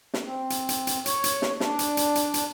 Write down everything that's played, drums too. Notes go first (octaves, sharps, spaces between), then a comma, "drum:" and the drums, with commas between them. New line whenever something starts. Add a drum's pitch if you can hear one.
drum: snare
C4
drum: hi-hat
drum: hi-hat
drum: hi-hat
C#5, drum: hi-hat
drum: hi-hat
drum: snare
D4, drum: snare
drum: hi-hat
drum: hi-hat
drum: hi-hat
drum: hi-hat